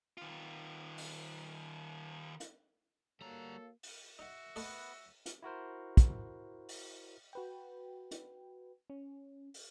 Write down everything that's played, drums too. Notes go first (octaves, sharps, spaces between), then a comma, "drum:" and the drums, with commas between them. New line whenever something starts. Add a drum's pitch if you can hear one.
D#3 F4
drum: open hi-hat
drum: hi-hat
G3 A#3 F#4 A4 C#5 F5 A#5
drum: open hi-hat
D#4 F#4 E5 F#5
A3 B3 A4 B4 D#5, drum: open hi-hat
drum: hi-hat
E4 F#4 A#4 C5
drum: kick, hi-hat
drum: open hi-hat
F#4 B4 G5
drum: hi-hat
C#4
drum: open hi-hat